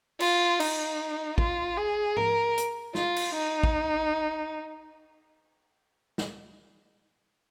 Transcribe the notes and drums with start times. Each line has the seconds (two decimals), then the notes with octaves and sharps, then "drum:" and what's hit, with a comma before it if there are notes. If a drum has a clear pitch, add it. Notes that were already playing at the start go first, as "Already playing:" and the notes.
0.20 F4, drum: cymbal
0.60 D#4, drum: cymbal
1.38 F4, drum: kick
1.77 G#4
2.17 A#4, drum: tom
2.58 drum: hi-hat
2.95 F4, drum: snare
3.16 drum: cymbal
3.34 D#4
3.63 drum: kick
6.18 drum: snare